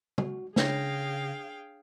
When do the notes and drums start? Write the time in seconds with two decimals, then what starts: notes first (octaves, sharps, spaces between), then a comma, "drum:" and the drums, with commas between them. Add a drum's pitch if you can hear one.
0.18 F#4, drum: tom
0.56 C#3 D4 G#4 C#5 F5 G5 A#6, drum: snare